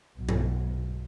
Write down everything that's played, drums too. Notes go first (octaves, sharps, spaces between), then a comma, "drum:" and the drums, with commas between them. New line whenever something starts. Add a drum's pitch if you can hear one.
B1
drum: tom G2